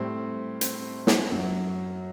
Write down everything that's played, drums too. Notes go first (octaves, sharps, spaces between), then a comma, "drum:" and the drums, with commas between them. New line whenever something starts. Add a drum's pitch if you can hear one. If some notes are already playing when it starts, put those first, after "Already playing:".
Already playing: A2 G3 C4
C4, drum: hi-hat
drum: snare
F#2 F#3